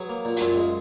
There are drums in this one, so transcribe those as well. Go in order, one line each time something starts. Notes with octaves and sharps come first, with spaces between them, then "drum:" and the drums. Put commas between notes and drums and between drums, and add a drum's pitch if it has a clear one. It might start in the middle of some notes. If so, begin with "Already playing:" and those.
Already playing: F#3 G#4 B4
A#3
A#2
F#4, drum: hi-hat
F#2 C#4 F4
G#3